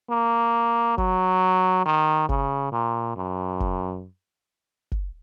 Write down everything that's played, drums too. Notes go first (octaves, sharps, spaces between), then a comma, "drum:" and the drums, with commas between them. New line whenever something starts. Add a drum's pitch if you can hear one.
A#3
F#3, drum: kick
D#3
C#3, drum: kick
A#2
F#2
drum: kick
drum: kick